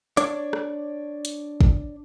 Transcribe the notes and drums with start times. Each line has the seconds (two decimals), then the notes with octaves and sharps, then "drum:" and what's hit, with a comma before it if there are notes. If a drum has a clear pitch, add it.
0.17 D4 C#5 D5, drum: hi-hat
0.53 drum: rim click
1.25 drum: hi-hat
1.61 drum: kick